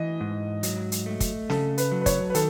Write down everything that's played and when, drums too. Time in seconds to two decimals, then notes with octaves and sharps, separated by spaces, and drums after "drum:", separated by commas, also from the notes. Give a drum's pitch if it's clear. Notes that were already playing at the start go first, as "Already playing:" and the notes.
Already playing: E3 D#5
0.21 G#2
0.63 F#3, drum: hi-hat
0.92 drum: hi-hat
1.06 A3
1.20 drum: kick, hi-hat
1.50 C#3 A4, drum: snare
1.78 B4, drum: hi-hat
1.92 F#3
2.01 B4
2.06 C#5, drum: kick, hi-hat
2.30 B4
2.35 D#3 A4, drum: hi-hat